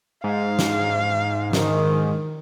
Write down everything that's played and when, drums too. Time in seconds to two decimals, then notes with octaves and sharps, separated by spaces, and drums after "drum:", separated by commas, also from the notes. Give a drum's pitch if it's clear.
0.24 G#2 F5
0.59 drum: snare
1.53 D#3, drum: snare